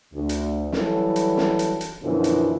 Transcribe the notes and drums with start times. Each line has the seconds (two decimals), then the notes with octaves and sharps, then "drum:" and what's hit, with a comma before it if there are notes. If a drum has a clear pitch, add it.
0.14 D2
0.29 drum: hi-hat
0.72 E3 F#3 G3 A4, drum: snare
1.16 drum: hi-hat
1.37 drum: snare
1.59 drum: hi-hat
1.81 drum: hi-hat
2.03 F#2 B2 D3 E3 F3
2.24 drum: hi-hat